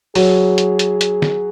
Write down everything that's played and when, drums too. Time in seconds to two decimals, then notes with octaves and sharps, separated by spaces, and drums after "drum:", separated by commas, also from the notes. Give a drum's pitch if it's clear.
0.15 F#3 G#4, drum: open hi-hat
0.58 drum: hi-hat
0.79 drum: hi-hat
1.01 drum: hi-hat
1.22 drum: snare